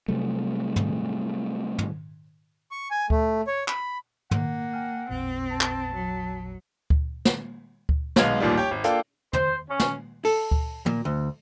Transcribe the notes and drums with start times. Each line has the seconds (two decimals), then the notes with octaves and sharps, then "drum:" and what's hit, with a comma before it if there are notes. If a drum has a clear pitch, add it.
0.08 C3 F#3 G3 A3
0.76 drum: tom
1.78 drum: tom
2.71 C#6
2.91 G#5
3.10 A3, drum: kick D2
3.47 C#5
3.68 B5, drum: clap
4.31 A#3 F#5, drum: tom
4.73 G5 G#5 F6
5.09 A1 E2 A#2 C4
5.52 A5
5.61 drum: clap
5.94 F#3
6.90 drum: kick D2
7.25 drum: snare
7.89 drum: kick D2
8.16 B1 G#3 B3 F5 G#6 F7, drum: snare
8.40 A1 D#2 A#2 D#3 F3 G3
8.57 G4 C#5 G5
8.71 G#1
8.84 A#3 D4 F4 A4 F5 G5, drum: hi-hat
9.33 C5, drum: tom
9.69 C#4
9.80 drum: snare
10.25 A4, drum: open hi-hat
10.51 drum: kick D2
10.86 A#2, drum: tom
11.05 D2